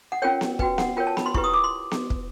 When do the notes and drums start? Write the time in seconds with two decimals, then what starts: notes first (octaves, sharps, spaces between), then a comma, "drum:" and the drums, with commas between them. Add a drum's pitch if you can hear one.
0.12 F#5
0.22 C#4 F4 A#4 C#5 G5
0.41 drum: snare B3
0.59 F#4 B4 G5, drum: kick
0.78 F#5, drum: snare B3
0.97 F4 A#4 C#5 G5
1.07 A5
1.17 B5, drum: snare B3
1.26 C6
1.34 E4 G4 B4 C#6, drum: kick
1.44 D#6
1.54 D6
1.64 C6
1.91 drum: snare B3
2.10 drum: kick